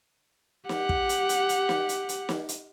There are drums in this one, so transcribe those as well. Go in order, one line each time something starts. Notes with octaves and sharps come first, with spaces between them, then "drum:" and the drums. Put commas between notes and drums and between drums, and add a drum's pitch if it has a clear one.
G4 F#5, drum: snare
drum: kick
drum: hi-hat
drum: hi-hat
drum: hi-hat
drum: snare
drum: hi-hat
drum: hi-hat
drum: snare
drum: hi-hat